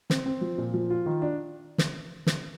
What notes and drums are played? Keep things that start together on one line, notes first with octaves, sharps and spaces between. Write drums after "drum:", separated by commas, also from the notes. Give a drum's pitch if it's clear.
C4, drum: snare
C4
F3
A#2
F3
F4
D#3
D4
drum: snare
drum: snare